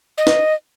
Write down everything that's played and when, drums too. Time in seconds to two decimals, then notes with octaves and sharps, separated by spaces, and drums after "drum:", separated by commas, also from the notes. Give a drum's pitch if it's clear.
0.18 D#5
0.27 drum: snare